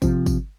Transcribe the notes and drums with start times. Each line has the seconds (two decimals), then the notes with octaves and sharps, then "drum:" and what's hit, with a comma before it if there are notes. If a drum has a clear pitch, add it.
0.02 C3 F3 C4, drum: kick, tambourine
0.26 drum: kick, tambourine